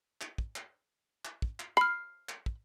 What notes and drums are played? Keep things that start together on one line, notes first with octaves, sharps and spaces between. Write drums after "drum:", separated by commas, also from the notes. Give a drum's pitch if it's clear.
drum: clap
drum: kick
drum: clap
drum: clap
drum: kick
drum: clap
B5 F6 C7
drum: clap
drum: kick